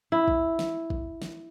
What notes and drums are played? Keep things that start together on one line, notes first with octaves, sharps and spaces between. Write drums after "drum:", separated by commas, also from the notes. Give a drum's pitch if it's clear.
E4
drum: kick
drum: snare
drum: kick
drum: snare